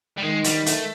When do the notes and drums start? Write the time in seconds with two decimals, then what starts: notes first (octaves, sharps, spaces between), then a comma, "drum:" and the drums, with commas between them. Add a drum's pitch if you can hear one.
0.17 G3
0.22 D#3 G#3
0.44 G3, drum: hi-hat
0.66 A3, drum: hi-hat